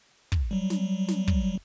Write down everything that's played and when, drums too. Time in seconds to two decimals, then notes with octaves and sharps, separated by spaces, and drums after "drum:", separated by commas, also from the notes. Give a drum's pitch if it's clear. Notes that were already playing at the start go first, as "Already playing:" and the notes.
0.32 drum: kick
0.51 F#3 G3
0.70 drum: snare
1.08 drum: snare
1.28 drum: kick